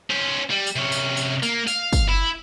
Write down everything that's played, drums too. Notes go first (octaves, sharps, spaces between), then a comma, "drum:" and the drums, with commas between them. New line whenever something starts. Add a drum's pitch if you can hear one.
C#4 C5
G3
drum: tambourine
C3 C#4
drum: tambourine
drum: tambourine
A#3, drum: tambourine
F5, drum: tambourine
drum: kick, tambourine
E4